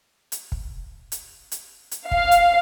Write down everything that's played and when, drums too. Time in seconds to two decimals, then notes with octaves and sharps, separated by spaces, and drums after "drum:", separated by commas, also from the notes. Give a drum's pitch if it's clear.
0.32 drum: hi-hat
0.52 drum: kick
1.12 drum: hi-hat
1.52 drum: hi-hat
1.91 drum: hi-hat
2.11 F5, drum: kick
2.31 drum: hi-hat